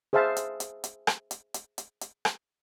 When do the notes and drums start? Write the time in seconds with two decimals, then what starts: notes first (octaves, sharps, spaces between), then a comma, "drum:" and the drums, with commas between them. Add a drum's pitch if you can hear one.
0.13 G#4 C5 E5 F5 A5
0.37 drum: hi-hat
0.60 drum: hi-hat
0.84 drum: hi-hat
1.07 drum: rim click
1.31 drum: hi-hat
1.54 drum: hi-hat
1.78 drum: hi-hat
2.01 drum: hi-hat
2.25 drum: rim click